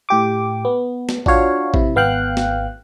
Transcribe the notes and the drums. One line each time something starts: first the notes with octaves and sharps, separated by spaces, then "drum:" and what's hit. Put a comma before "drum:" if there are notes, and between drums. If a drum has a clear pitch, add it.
A2 G4 D6
B3
drum: snare
D4 F4 F#4 C#5 F5, drum: kick A1
C3 E4, drum: kick A1
G#1 B3 F5 G5 F#6
drum: snare